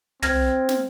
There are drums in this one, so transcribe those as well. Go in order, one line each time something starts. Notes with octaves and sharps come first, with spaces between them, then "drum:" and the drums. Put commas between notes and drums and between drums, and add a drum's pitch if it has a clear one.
C4 F6 G#6 A#6, drum: tom
drum: snare